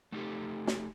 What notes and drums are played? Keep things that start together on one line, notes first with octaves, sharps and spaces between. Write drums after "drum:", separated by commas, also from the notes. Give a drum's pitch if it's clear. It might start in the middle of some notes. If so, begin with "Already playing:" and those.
A3 D#4 F4 G4 A4
drum: snare